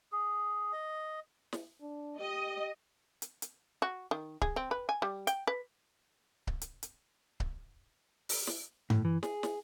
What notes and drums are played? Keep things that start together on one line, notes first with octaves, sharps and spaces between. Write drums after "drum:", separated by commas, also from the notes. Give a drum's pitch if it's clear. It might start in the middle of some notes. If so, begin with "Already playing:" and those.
G#4
D#5
drum: snare
D4
G4 D#5
drum: hi-hat
drum: hi-hat
F#4
D#3
G#4, drum: kick C#1
C4
B4
G#5
G3
G5, drum: hi-hat
B4
drum: kick C#1
drum: hi-hat
drum: hi-hat
drum: kick C#1
drum: open hi-hat
drum: snare
A2, drum: tom G2
E3
G#4, drum: snare
drum: snare